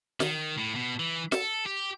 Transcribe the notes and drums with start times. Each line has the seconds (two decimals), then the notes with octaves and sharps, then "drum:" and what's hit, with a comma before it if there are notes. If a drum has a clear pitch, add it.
0.20 D#3, drum: snare
0.58 A2
0.76 B2
1.00 E3
1.32 A4, drum: snare
1.66 G4